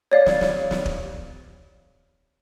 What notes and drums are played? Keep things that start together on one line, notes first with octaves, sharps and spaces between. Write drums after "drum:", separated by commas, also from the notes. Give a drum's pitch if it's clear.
C#5 D5 F5
drum: snare
drum: snare
drum: snare
drum: kick